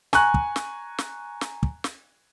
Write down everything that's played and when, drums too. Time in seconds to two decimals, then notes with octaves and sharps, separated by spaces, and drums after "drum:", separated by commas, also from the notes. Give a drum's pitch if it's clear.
0.13 G#5 A#5 C#6 F#6, drum: snare
0.34 drum: kick
0.56 drum: snare
0.98 drum: snare
1.41 drum: snare
1.63 drum: kick
1.84 drum: snare